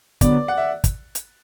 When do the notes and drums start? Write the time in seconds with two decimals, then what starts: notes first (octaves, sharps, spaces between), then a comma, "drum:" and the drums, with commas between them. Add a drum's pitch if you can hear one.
0.21 D3 F#3 B3 D5, drum: kick, hi-hat
0.48 F#5
0.57 E5
0.84 drum: kick, hi-hat
1.15 drum: hi-hat